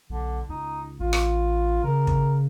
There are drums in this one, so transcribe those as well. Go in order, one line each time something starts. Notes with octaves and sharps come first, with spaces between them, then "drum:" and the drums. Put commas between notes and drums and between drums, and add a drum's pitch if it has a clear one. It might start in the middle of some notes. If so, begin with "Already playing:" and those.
B1 D3
C#2 D#4
A1 F4
drum: rim click
C#3 A#4
drum: kick